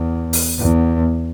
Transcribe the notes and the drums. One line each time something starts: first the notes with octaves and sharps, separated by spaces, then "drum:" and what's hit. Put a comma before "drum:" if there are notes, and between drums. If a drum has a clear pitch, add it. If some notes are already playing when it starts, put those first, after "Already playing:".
Already playing: E2
drum: open hi-hat
E2